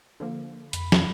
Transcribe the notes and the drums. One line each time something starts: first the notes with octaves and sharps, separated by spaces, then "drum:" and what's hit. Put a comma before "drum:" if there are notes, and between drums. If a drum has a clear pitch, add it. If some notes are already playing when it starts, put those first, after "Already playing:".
D3 F3 A#3
F2 B5, drum: hi-hat
drum: snare